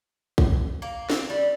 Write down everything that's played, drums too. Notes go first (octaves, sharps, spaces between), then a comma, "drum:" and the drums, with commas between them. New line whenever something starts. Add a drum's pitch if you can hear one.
drum: kick A#1
A#3
C4, drum: snare
G3